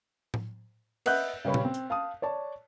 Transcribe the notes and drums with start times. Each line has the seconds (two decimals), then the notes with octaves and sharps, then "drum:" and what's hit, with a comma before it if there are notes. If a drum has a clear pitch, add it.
0.34 drum: tom A2
1.06 B4 D#5 E5 F#5 F#6 G6, drum: cymbal
1.45 C#3 G3 B4 C#5 B5
1.54 drum: tom A#2
1.65 C4
1.74 drum: hi-hat
1.90 F5 A5 D#6
2.22 C#5 D5 A5